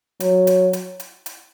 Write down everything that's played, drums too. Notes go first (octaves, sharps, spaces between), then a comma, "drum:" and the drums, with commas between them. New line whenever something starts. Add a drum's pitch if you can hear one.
F#3, drum: hi-hat
drum: hi-hat
drum: hi-hat
drum: hi-hat
drum: hi-hat